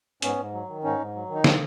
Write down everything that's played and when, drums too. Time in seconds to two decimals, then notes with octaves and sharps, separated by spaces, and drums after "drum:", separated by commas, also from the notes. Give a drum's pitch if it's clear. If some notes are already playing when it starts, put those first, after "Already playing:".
0.22 G#2 B3 C#4, drum: hi-hat
0.38 G#2
0.53 F#3
0.69 D#3
0.84 G#2 C#4 D#4
0.99 G#2
1.15 F#3
1.29 D#3
1.35 D#4
1.44 D4 E4, drum: snare